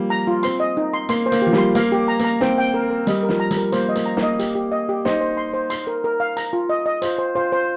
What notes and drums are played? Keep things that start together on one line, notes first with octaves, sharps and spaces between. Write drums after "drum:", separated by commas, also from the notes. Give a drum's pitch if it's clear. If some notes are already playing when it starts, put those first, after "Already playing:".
Already playing: F3 G3 A#3
A#5
F4
C4 C6, drum: hi-hat
D#5
D#4
C6
A#3 C6, drum: hi-hat
C5
A#3, drum: hi-hat
F3 G4
G3, drum: snare
C6
A#3 F5, drum: hi-hat
G4
A#5
A#3 A#5, drum: hi-hat
C4 G5, drum: snare
G5
A#4
A#4
G3 D#5, drum: hi-hat
A#4
F3, drum: snare
A#5
G3, drum: hi-hat
A#4
A#3 C5, drum: hi-hat
D#5
A#3, drum: hi-hat
A#5
A#3, drum: snare
D#5
G4, drum: hi-hat
G4
D#5
G4
D#4 C5, drum: snare
C5
C6
C5
C6, drum: hi-hat
A#4
A#4
F5
A#5, drum: hi-hat
F4
D#5
D#5
F4 C5, drum: hi-hat
C5
F4 C5
C5